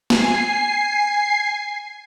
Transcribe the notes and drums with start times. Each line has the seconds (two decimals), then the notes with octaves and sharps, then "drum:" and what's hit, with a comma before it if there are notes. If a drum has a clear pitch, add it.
0.10 G#5 C7, drum: snare